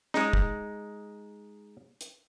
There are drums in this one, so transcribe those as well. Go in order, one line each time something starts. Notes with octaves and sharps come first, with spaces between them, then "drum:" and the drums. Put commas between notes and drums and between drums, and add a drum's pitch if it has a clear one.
G#3 D#4, drum: snare
drum: kick
drum: hi-hat